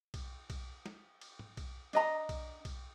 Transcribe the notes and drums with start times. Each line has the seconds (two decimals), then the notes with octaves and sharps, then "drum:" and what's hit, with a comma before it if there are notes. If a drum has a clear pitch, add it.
0.14 drum: kick B1, cymbal
0.50 drum: kick B1, cymbal
0.86 drum: snare
1.21 drum: cymbal
1.39 drum: tom G#2
1.57 drum: kick B1, cymbal
1.93 D4 D#5 A#5, drum: cymbal
2.29 drum: kick B1, cymbal
2.65 drum: kick B1, cymbal